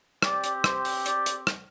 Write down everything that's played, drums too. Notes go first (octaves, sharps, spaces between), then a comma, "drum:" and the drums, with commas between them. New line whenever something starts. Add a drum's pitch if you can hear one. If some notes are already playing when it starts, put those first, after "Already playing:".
C4 G4 D5, drum: rim click
drum: hi-hat
C5, drum: rim click
drum: open hi-hat
D5, drum: hi-hat
drum: hi-hat
drum: rim click